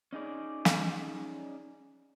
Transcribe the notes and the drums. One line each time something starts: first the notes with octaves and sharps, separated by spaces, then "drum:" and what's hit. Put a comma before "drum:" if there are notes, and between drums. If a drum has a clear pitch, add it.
C#4 D#4 G#4 D5
drum: snare